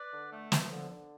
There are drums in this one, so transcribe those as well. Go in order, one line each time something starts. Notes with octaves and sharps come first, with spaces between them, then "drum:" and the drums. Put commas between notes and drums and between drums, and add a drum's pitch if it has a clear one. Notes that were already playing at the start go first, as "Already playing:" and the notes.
Already playing: B4 D5
D3
A3
F3, drum: snare
D3
D3